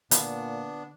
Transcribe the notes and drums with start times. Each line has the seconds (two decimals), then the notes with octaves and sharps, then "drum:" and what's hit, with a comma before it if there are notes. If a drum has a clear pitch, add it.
0.11 A#2 D3 B3 D4, drum: hi-hat